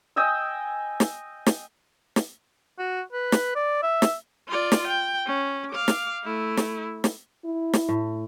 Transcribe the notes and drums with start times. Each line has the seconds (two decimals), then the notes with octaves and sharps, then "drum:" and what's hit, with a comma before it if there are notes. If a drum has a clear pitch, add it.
0.16 D#5 G5 G#5 E6
1.00 drum: snare
1.46 drum: snare
2.16 drum: snare
2.78 F#4
3.13 B4
3.32 drum: snare
3.55 D5
3.83 E5
4.02 drum: snare
4.48 F4 D5
4.72 drum: snare
4.87 G5
5.26 C#4
5.71 F5 D6
5.88 drum: snare
6.24 A3 E4
6.57 drum: snare
7.04 drum: snare
7.45 E4
7.73 drum: snare
7.89 A2